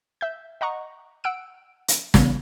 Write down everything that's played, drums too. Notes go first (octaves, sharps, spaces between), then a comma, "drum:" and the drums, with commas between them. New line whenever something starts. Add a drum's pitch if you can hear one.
E5 G6
D#5 F#5 A#5 C#6
F#5 E6 D7
drum: hi-hat
C#3 E3 G3 B3, drum: snare